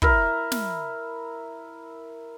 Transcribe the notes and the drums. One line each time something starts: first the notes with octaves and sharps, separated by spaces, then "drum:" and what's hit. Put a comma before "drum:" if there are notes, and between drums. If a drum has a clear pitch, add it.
E4 A#4 E5, drum: kick
drum: snare